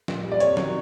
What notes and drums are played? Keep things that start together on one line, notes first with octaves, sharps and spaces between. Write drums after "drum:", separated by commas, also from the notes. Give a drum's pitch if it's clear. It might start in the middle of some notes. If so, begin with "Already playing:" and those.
A#2, drum: snare
G3
D5
C3 C#5, drum: hi-hat
D#3 F#3, drum: snare